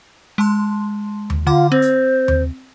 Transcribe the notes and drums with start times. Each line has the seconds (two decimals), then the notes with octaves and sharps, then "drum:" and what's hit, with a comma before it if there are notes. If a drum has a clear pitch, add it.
0.38 G#3 A5 C6
1.30 drum: tom D#2
1.47 D3 F4 F#5 D6
1.72 C4 C5
1.82 drum: hi-hat
2.28 drum: tom D#2